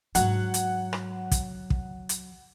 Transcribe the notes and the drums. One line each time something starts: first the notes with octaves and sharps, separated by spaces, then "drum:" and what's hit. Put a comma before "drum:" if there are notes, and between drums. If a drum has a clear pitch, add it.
G#2 F#3 D4 F#5, drum: hi-hat
drum: hi-hat
drum: rim click
drum: kick, hi-hat
drum: kick
drum: hi-hat